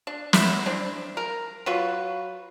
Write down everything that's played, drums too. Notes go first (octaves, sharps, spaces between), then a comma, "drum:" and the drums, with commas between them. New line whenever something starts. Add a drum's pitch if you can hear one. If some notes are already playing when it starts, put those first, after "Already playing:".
D4
B3 E4, drum: snare
C4 D4
A#4
F#3 F4 B4 C#6